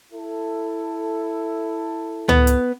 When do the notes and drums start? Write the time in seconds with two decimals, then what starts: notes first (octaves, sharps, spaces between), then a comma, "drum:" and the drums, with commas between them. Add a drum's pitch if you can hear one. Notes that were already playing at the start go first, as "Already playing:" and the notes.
0.13 E4 A4
2.29 B3, drum: tom C#2
2.47 drum: hi-hat